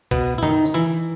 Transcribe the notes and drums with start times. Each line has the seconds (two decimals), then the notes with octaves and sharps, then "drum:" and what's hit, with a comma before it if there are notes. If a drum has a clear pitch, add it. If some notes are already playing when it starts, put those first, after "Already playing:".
0.11 B2 B3, drum: kick
0.38 E4
0.43 D#3 D#4, drum: tom
0.65 drum: tambourine
0.74 E3 E4